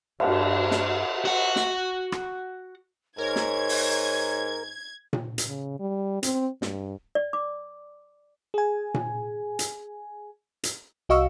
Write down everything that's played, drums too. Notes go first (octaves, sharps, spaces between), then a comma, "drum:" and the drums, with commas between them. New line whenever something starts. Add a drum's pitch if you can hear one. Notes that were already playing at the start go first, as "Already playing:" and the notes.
G2 D4, drum: cymbal
drum: snare
F#4 F#5
drum: snare
drum: rim click
G#2 A#4 C#5 G#6
drum: snare
drum: open hi-hat
drum: tom A#2
drum: hi-hat
C#3
G3
C4, drum: hi-hat
G2, drum: snare
D5
D6
G#4 G#5
drum: tom A#2
drum: hi-hat
drum: hi-hat
C2 F#4 D#5 F5 C#6 E6